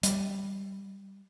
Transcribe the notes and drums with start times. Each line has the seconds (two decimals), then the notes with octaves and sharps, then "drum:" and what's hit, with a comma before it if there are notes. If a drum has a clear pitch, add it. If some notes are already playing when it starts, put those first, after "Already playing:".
0.03 G3, drum: hi-hat